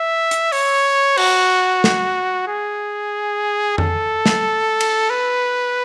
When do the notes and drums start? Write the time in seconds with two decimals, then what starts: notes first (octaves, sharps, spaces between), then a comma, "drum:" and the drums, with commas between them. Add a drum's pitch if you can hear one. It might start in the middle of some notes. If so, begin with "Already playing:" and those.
Already playing: E5
0.31 drum: hi-hat
0.52 C#5, drum: open hi-hat
1.17 F#4, drum: cymbal
1.84 drum: snare
2.48 G#4
3.78 A4, drum: tom F2
4.26 drum: snare
4.80 drum: cymbal
5.10 B4